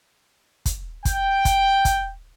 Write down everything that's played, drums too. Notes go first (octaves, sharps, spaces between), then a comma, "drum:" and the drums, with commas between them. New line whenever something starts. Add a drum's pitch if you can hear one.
drum: kick, hi-hat
G5, drum: kick, hi-hat
drum: kick, hi-hat
drum: kick, hi-hat